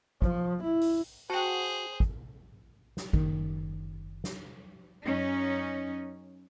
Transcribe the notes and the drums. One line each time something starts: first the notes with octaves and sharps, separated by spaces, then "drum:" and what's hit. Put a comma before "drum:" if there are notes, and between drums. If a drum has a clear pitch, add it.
F3, drum: kick
E4
drum: open hi-hat
F#4 G#4 C5 G5 A5
drum: kick
drum: snare
F#1 D#3, drum: kick
drum: snare
F#2 C#4 D#4